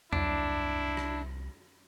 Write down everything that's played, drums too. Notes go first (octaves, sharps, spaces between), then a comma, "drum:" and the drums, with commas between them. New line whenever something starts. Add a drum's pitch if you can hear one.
C2 D4 E4, drum: tom E2
drum: rim click